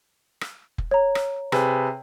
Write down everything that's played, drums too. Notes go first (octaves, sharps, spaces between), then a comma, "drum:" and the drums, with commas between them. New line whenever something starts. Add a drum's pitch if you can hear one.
drum: rim click
drum: kick F1
C#5 A#5
drum: rim click
C3 G#4 B4, drum: rim click